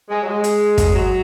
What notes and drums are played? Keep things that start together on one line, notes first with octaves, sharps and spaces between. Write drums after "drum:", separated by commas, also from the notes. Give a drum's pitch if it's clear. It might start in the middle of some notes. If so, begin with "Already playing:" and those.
G#3
F#3
G#3
drum: hi-hat
drum: kick, hi-hat
F#3